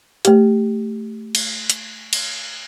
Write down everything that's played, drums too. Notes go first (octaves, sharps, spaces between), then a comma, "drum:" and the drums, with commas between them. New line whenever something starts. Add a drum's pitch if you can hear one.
A3 G4, drum: hi-hat
drum: cymbal
drum: hi-hat
drum: cymbal